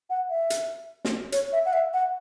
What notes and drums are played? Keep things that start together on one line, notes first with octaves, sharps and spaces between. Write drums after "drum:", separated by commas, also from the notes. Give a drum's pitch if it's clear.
F#5
E5
drum: hi-hat
drum: snare
C#5, drum: hi-hat
E5
F#5
E5
F#5